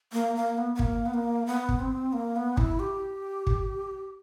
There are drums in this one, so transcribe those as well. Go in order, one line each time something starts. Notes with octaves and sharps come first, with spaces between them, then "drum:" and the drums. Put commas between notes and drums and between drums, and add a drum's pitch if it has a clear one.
A#3
A#3
B3
B3
A#3, drum: kick
B3
A#3
B3
drum: kick
C4
A#3
B3
E4, drum: kick
G4
drum: kick